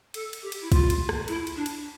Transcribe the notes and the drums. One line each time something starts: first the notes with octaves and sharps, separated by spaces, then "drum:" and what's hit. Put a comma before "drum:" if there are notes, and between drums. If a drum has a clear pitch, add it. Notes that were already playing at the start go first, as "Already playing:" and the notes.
A4, drum: cymbal
drum: cymbal
G4
drum: cymbal
E4
F4, drum: kick, cymbal
drum: cymbal
drum: rim click
E4, drum: cymbal
drum: cymbal
D4
drum: cymbal